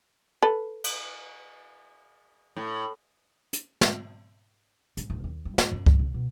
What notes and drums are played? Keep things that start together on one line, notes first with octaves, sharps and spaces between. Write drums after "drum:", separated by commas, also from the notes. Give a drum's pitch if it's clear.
A4 B4
drum: cymbal
A2
drum: hi-hat
drum: snare
G#2, drum: hi-hat
D1
D#2
G2
E4, drum: snare
F#2
G2, drum: kick C#2
C#3
B2